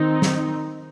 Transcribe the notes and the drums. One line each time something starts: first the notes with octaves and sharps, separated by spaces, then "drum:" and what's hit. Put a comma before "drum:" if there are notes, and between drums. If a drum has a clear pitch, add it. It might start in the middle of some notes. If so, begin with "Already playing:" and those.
Already playing: D#3 C4 D#4
drum: snare